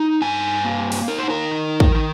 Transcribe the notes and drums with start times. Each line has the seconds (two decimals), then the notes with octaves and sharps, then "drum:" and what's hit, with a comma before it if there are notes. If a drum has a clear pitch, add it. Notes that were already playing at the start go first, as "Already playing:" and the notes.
Already playing: D#4
0.22 G2 G#5
0.65 A#3
0.92 drum: open hi-hat
1.08 D#4 A#4
1.19 C5
1.30 A#4
1.51 D#3
1.80 drum: kick
1.95 D#3